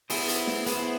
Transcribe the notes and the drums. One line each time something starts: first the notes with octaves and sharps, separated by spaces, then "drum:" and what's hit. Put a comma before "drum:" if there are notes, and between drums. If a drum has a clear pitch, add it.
B3 E4 G#4 C5, drum: open hi-hat
drum: hi-hat
drum: snare
B3 E4 G#4 C5, drum: hi-hat